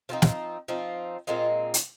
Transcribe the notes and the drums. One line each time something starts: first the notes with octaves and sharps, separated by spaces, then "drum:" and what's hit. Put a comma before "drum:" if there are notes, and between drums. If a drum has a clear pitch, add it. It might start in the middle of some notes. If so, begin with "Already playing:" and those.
F3 C4 D#4 F4
drum: snare
F3 C4 D#4
A#2 G#3 C4 D#4 F4
drum: hi-hat